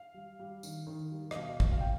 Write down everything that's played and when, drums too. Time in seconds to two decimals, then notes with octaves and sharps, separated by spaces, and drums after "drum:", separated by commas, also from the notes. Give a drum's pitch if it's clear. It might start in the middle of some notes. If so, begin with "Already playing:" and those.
Already playing: F5
0.14 G3
0.39 G3
0.63 D#3, drum: tambourine
0.87 D#3
1.11 G3
1.31 D#5, drum: rim click
1.35 B2 F5
1.60 B2, drum: kick
1.71 F5
1.80 G5